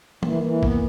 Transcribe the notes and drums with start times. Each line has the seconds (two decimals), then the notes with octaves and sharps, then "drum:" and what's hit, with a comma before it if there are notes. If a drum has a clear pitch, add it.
0.23 E3 A#3, drum: tom
0.43 E3
0.63 B3, drum: kick